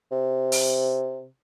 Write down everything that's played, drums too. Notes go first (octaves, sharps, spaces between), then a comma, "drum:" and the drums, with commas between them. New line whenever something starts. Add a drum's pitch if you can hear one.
C3
drum: open hi-hat